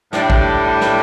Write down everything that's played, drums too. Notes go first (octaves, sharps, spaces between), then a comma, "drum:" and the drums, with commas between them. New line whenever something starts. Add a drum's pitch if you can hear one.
A2 G3 D4, drum: snare
drum: kick A1
D4
drum: snare